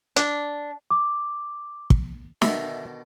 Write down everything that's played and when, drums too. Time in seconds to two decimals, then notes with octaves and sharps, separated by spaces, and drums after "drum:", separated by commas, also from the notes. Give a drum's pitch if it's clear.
0.16 D4, drum: hi-hat
0.91 D6
1.90 drum: kick
2.42 B2 D3 D#3 E5, drum: snare